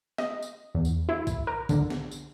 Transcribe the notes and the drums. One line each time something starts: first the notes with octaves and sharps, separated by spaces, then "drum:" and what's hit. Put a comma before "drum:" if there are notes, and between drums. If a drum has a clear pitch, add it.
D#5, drum: snare
drum: tambourine
E2
drum: tambourine
E4
drum: kick, tambourine
A#4
D3, drum: kick, tambourine
drum: snare
drum: tambourine